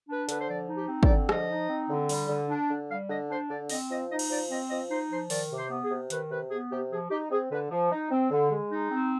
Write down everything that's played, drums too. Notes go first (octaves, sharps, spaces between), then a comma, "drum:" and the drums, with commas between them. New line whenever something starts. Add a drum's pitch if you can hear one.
D4 B4
D3 B4, drum: hi-hat
C5
F3 D5
D#4
G4
C4
D5, drum: kick
D3
F3 D#5, drum: rim click
D#4
C4
D3
G3, drum: open hi-hat
D3
D4
D3
G3 F5
D3 D#5
D4 C5
D3 D5
C4 D#5, drum: open hi-hat
F3 D#5
D#4 D#5
drum: cymbal
F3 D5
C4 D#5
F3 D#5
D#4 C5
F3 C5
D#3 D5, drum: open hi-hat
C3
C5
B3
G#4
C3
D#3 B4, drum: hi-hat
C3 B4
B3 G#4
C3 G4
F3 G#4
D#4 G4
C4 G#4
D3 B4
F3
D#4
C4
D3
G#3
D#4
C4